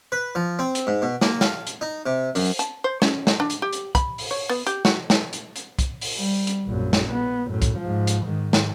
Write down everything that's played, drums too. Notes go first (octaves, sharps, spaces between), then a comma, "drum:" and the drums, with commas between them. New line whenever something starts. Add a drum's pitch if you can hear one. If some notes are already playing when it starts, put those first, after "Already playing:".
B4
F3
C4
drum: hi-hat
G#2
B2
A#3, drum: snare
F5, drum: snare
drum: hi-hat
D#4
C3
F#2, drum: open hi-hat
A5, drum: hi-hat
C5
C#4, drum: snare
drum: snare
D4
drum: hi-hat
G4
drum: hi-hat
B5, drum: kick, hi-hat
drum: open hi-hat
C#5
B3
G4, drum: hi-hat
F#4, drum: snare
drum: snare
drum: hi-hat
drum: hi-hat
drum: kick, hi-hat
drum: open hi-hat
G3
drum: hi-hat
A#1 F#2
drum: snare
B3
F#2 A2
drum: kick, hi-hat
G#2 F3
drum: hi-hat
G#2 D#3
drum: snare